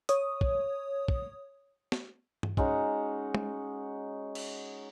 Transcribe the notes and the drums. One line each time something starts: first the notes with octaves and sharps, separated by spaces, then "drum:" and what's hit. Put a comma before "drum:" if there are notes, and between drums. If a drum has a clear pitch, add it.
C#5 D#6, drum: hi-hat
drum: kick
drum: kick
drum: snare
drum: tom G2
G#3 C#4 D#4 F#4, drum: kick
drum: tom
drum: cymbal